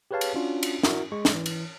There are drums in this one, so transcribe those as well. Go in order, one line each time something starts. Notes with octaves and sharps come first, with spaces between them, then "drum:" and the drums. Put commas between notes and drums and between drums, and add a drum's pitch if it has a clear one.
G4 G#4 B4 C#5 F5 A5
drum: cymbal
C#4 D4 F4 F#4
drum: cymbal
E4 F#4 A#4 E5, drum: snare
G#3 C#6
drum: snare
E3
drum: cymbal